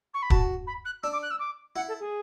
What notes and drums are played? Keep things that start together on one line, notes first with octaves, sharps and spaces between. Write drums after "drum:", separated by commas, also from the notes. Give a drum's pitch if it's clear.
C#6
B5
F#4 A5, drum: kick
B5
F#6
D4 E6
D6
F#6
E6
D6
E4 F#5
A4
G#4